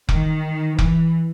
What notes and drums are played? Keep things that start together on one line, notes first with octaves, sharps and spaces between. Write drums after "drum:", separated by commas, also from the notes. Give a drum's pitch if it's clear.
D#3, drum: kick F1
E3, drum: kick F1